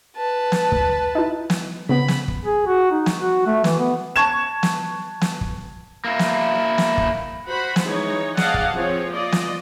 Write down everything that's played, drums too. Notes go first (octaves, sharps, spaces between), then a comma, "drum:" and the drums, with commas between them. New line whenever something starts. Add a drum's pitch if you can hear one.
B4 A5
drum: snare
D2, drum: kick
D#4 E4
drum: snare
C#3 B3 B5
drum: snare
drum: kick
G#4
F#4
D#4
drum: snare
F#4
A3
E3, drum: snare
B3
A5 C#6 G#6 E7
drum: snare
drum: snare
drum: kick
A#3 E4
drum: snare
drum: snare
drum: kick
F#4 C5 F#5 B5
drum: snare
E3 G#3 D#4 C#5
G#4 D5 D#5 F5 F#5 A5, drum: snare
drum: kick
F3 C4 G#4 C#5
A#3 F4 D5 D#5
drum: snare